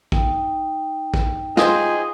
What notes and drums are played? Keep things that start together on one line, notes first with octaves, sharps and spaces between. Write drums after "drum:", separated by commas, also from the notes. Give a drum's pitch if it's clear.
D#4 G5, drum: kick
drum: kick
F4 G#4 C5 D#5, drum: snare